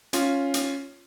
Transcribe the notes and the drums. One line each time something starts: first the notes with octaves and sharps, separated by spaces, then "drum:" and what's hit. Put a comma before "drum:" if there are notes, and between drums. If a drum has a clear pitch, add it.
C#4 F4, drum: hi-hat
drum: hi-hat